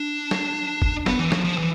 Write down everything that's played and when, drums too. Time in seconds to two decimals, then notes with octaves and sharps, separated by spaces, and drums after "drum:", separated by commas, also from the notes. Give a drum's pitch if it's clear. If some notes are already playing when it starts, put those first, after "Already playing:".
Already playing: D4
0.31 drum: snare
0.82 drum: kick
1.06 B3, drum: snare
1.19 E3
1.32 F3, drum: snare
1.44 F3
1.58 E3